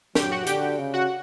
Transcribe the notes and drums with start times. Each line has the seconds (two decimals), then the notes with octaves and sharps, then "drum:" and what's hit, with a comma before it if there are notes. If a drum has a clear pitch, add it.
0.15 F#3 G4 G5, drum: snare
0.32 F#4 F#5
0.47 D3 G4 G5, drum: hi-hat
0.79 C#3
0.94 F#4 F#5